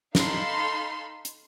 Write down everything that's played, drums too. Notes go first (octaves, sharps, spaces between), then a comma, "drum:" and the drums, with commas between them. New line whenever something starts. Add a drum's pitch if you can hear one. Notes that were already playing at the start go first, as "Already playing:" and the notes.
D#4 A4 F5 B5 C6, drum: snare
drum: hi-hat